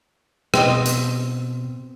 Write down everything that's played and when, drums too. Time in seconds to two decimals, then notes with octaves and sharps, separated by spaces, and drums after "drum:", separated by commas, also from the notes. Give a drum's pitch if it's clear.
0.54 B2 C4 D#5, drum: rim click
0.86 drum: hi-hat